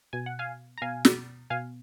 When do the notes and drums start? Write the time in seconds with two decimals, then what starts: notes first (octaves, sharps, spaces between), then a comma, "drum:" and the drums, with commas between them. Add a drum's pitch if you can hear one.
0.13 B2 G#5
0.26 F#5
0.39 F5 G#5
0.78 A#5
0.82 B2 F5 G#5
1.05 drum: snare
1.50 B2 F5 G#5